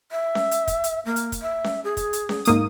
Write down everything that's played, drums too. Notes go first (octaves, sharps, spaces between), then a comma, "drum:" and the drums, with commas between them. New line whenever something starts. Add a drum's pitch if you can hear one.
E5
drum: snare C#4
drum: hi-hat
drum: kick, hi-hat
drum: hi-hat
A#3
drum: hi-hat
drum: kick, hi-hat
E5
drum: snare C#4
G#4
drum: kick, hi-hat
drum: hi-hat
drum: snare C#4
G#2 A#3 D#6, drum: hi-hat